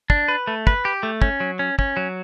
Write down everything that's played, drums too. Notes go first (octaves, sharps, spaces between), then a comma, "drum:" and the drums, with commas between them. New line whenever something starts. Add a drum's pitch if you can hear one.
D4, drum: kick
B4
A3
B4, drum: kick
G4
A3
C#4, drum: kick
F#3
C#4
C#4, drum: kick
F#3